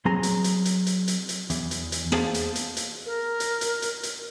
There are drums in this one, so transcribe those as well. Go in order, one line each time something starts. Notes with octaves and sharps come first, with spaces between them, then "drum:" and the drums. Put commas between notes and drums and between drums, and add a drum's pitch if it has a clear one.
F#3 C4 G#4 G#5 A#5 C6
drum: hi-hat
drum: hi-hat
drum: hi-hat
drum: hi-hat
drum: hi-hat
drum: hi-hat
E2, drum: hi-hat
drum: hi-hat
drum: hi-hat
A#3 B3 G#4 C5 F5 A5, drum: rim click
drum: hi-hat
drum: hi-hat
drum: hi-hat
A#4
drum: hi-hat
drum: hi-hat
drum: hi-hat
drum: hi-hat